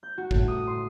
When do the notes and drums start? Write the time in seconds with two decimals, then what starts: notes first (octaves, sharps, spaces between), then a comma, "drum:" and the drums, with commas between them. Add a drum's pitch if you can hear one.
0.03 G6
0.18 F#4
0.31 A2, drum: kick
0.48 D#6
0.67 C6